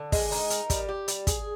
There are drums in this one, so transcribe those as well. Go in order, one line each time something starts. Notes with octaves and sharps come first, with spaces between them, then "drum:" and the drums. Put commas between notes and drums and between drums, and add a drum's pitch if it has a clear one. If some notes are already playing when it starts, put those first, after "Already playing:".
Already playing: D3
G#3, drum: kick, open hi-hat
D#4, drum: open hi-hat
A#4, drum: hi-hat
G3, drum: kick, hi-hat
G4
G3, drum: hi-hat
G#4, drum: kick, hi-hat